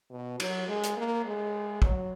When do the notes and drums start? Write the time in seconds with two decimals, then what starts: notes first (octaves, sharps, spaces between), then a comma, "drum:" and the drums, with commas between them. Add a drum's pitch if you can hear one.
0.11 B2
0.40 F#3, drum: cymbal
0.68 G#3
0.84 drum: hi-hat
0.97 A#3
1.25 G#3
1.82 F#3, drum: kick